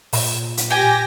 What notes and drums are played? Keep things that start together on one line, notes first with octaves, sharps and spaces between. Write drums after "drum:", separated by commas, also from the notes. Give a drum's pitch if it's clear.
A#2, drum: open hi-hat
drum: hi-hat
G4 G5 G#5 A#6